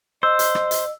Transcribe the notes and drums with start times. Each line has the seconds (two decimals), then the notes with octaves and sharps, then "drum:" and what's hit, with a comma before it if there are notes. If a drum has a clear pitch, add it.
0.23 C5 D#5 E6
0.39 drum: hi-hat
0.55 drum: rim click
0.71 drum: hi-hat